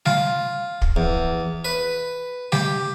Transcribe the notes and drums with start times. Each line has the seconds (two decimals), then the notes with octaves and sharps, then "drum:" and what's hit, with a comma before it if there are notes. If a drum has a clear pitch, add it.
0.06 F4, drum: snare G3
0.82 drum: kick
0.96 E2
1.65 B4
2.52 G4, drum: snare G3